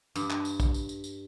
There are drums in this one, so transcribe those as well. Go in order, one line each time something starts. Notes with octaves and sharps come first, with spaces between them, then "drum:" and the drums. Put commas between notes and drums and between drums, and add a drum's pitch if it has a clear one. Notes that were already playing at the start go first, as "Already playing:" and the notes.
G2, drum: tambourine
drum: clap
drum: tambourine
drum: kick, tambourine
drum: tambourine
drum: tambourine
drum: tambourine